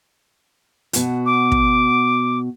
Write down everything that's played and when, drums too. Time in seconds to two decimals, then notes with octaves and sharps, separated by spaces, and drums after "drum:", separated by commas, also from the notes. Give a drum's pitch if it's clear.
0.93 B2 F#4, drum: hi-hat
1.26 D6
1.52 drum: kick